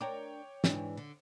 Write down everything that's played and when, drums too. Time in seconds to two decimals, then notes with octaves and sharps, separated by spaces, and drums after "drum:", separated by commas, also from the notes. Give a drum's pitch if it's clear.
0.01 D4 A#4 C#5 G5 D6
0.64 G#2 E3 D4, drum: snare
0.97 D3